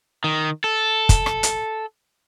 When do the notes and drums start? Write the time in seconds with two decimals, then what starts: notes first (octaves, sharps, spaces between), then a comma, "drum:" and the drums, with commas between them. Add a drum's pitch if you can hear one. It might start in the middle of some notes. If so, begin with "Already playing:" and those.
0.24 D#3
0.64 A4
1.09 drum: kick, hi-hat
1.26 drum: rim click
1.43 drum: hi-hat